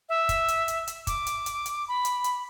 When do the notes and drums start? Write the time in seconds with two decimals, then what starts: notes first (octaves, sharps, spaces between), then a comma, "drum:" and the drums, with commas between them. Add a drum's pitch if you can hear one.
0.09 E5
0.29 drum: kick, hi-hat
0.48 drum: hi-hat
0.68 drum: hi-hat
0.87 drum: hi-hat
1.07 D6, drum: kick, hi-hat
1.27 drum: hi-hat
1.46 drum: hi-hat
1.66 drum: hi-hat
1.88 B5
2.05 drum: hi-hat
2.24 drum: hi-hat